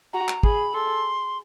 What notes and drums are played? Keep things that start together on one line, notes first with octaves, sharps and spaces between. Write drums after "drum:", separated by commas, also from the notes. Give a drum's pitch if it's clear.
F#4 A#5
drum: clap
G#4 B5, drum: kick
A4 C6